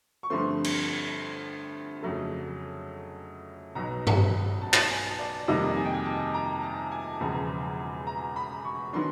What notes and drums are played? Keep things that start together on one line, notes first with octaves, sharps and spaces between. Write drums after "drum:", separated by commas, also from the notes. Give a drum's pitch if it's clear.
C#6
G2 D3 F3 A3 C4 C6
drum: cymbal
F2 C#3 F#3 A3
B1 B2 F#3 A#5
drum: tom G2
A5
drum: clap
G#5
D5
F2 C3 D#3 G3 A#3 D#5
G#5
G5
G#5
A5
A#5
A5
G#5
E1 E2 C#3 F3
A#5
B5
C#6
D#3 F#3 B3 D4 C6